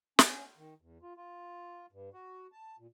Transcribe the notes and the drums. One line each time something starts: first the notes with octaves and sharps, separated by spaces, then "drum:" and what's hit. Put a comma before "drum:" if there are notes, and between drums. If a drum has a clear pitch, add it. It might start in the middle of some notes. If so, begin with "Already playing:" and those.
C#4, drum: snare
D#3
E2
F4
F4
G2
F#4
A5
A#2